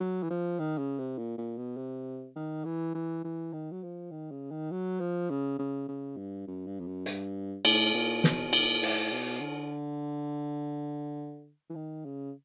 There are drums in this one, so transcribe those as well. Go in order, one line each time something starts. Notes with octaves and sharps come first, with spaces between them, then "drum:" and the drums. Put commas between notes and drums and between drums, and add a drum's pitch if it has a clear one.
F#3
E3
F3
D#3
C#3
C3
A#2
A#2
B2
C3
D#3
E3
E3
E3
D#3
F#3
F3
D#3
C#3
D#3
F#3
F3
C#3
C#3
C#3
G2
F#2
G2
F2
F#2
G2, drum: hi-hat
A2, drum: cymbal
A#2
B2, drum: snare
B2
A#2, drum: cymbal
A2, drum: open hi-hat
B2
D3
E3
D#3
C#3